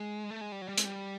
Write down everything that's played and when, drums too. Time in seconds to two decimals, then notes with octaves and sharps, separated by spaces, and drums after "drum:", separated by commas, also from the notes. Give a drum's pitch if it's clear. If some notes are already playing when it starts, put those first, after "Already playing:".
Already playing: G#3
0.31 A3
0.41 G#3
0.52 G3
0.61 F#3
0.69 G3
0.78 G#3, drum: hi-hat
0.85 G3